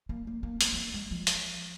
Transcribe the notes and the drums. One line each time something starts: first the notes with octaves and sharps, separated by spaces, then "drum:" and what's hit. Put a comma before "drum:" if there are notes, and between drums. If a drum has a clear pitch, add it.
A#3
A#3
A#3
B3, drum: hi-hat
G#3
A#3
G#3
F3
drum: hi-hat